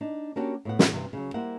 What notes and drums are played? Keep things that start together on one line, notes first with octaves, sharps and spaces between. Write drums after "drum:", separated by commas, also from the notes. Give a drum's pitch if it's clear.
D4 D#4
A#3 C#4 D4 F#4 G4
A2 B3 F#5
drum: snare
G2 C3 E3
C#3 F#3
G3 A#3 E4 C5 F#5